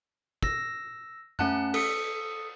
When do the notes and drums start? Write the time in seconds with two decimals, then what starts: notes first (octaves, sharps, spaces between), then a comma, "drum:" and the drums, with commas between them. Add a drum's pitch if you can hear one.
0.43 E6 A#6, drum: kick
1.39 A3 C#4 F#5 A5 F#6, drum: tom F#2
1.74 A4 D#6 C#7, drum: cymbal